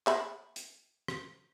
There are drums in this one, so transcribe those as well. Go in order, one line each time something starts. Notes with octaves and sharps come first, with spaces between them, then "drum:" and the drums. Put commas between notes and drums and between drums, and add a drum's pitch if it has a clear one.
E5 B5, drum: clap
drum: hi-hat
drum: rim click